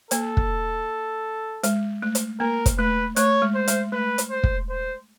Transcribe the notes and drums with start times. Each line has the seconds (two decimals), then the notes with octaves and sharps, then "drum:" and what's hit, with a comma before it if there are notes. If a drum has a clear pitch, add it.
0.11 A#3 A4, drum: hi-hat
0.37 drum: kick
1.63 G#3, drum: hi-hat
2.02 A3
2.15 drum: hi-hat
2.40 A#3 A#4
2.66 drum: kick, hi-hat
2.78 A3 B4
3.16 A3 C#5, drum: hi-hat
3.42 G#3
3.55 C5
3.68 G#3, drum: hi-hat
3.92 A3 B4
4.18 drum: hi-hat
4.30 C5
4.44 drum: kick
4.69 C5